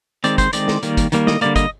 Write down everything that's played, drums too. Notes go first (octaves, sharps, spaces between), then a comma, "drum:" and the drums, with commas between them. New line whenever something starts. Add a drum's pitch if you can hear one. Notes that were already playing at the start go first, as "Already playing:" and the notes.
D#3 G#3 C4 D5, drum: hi-hat
C5, drum: kick, hi-hat
D#3 G#3 C4 D5, drum: hi-hat
drum: snare
D#3 G3 A#3, drum: hi-hat
drum: kick, hi-hat
D#3 G3 A#3, drum: hi-hat
D#5, drum: snare
D3 G3 A#3 D5, drum: hi-hat
D#5, drum: kick, hi-hat